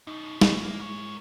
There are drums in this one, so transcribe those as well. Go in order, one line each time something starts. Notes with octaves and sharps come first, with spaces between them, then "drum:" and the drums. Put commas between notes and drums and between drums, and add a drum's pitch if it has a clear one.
F#2 B2 D#4
G#2 G#3 E4, drum: snare
A#3
A#4 C#5